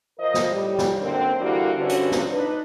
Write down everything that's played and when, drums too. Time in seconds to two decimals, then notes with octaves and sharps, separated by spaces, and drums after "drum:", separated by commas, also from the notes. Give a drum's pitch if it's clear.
0.18 F3 A#4 C5 D#5
0.34 drum: snare
0.49 A2 G3
0.79 drum: snare
1.01 F#2 D3 A#3 C4
1.39 D3 E3 G3 A#3 E4 F#4
1.77 G2 D3 C4 C#4 F#4 B4
1.89 drum: hi-hat
2.12 drum: snare
2.31 D4 D#4 B4